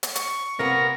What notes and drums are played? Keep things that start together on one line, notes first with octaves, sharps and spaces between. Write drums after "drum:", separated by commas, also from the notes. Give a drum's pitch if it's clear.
drum: hi-hat
C#6, drum: hi-hat
C3 A#3 B3 A#4